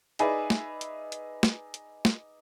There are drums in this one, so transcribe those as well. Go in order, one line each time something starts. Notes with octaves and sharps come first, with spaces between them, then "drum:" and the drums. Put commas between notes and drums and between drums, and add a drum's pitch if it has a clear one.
D#4 G#4 B4 D5 E5, drum: hi-hat
drum: snare
drum: hi-hat
drum: hi-hat
drum: snare
drum: hi-hat
drum: snare